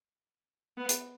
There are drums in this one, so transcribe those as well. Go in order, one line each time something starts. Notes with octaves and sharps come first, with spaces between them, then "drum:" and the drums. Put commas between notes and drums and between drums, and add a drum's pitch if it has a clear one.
B3
drum: hi-hat